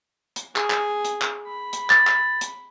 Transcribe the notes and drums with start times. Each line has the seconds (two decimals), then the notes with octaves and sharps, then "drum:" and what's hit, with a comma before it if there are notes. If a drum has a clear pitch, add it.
0.36 drum: hi-hat
0.56 G#4, drum: clap
0.70 drum: clap
1.05 drum: hi-hat
1.22 drum: clap
1.47 B5
1.73 drum: hi-hat
1.90 A6, drum: clap
2.07 drum: clap
2.41 drum: hi-hat